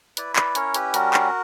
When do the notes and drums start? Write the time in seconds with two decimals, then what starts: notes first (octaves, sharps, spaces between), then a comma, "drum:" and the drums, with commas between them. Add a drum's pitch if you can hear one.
0.17 E4 B4 D5, drum: hi-hat
0.36 B4 D5, drum: clap
0.55 C#4 A#4 C#5, drum: hi-hat
0.74 G4 B4, drum: hi-hat
0.94 G3 F#4 A#4, drum: hi-hat
1.14 drum: clap